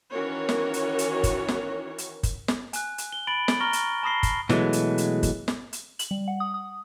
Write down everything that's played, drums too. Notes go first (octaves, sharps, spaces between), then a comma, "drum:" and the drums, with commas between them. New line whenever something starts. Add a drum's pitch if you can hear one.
D#3 E3 C#4 F#4 A#4 C#5
drum: snare
drum: hi-hat
drum: hi-hat
drum: kick F#1, hi-hat
drum: snare
drum: hi-hat
drum: kick F#1, hi-hat
drum: snare
G#5 F#6, drum: hi-hat
drum: hi-hat
G7
B5 A6 D7 F#7
drum: snare
A#5 C#6 F6 A#6 G7
drum: hi-hat
A5 B5 D#6 A#6 C7 G7
drum: kick F#1, hi-hat
B2 E3 F#3 G#3 A3, drum: snare
drum: hi-hat
drum: hi-hat
drum: kick F#1, hi-hat
drum: snare
drum: hi-hat
F#7, drum: hi-hat
G3
F#5
D#6
D#6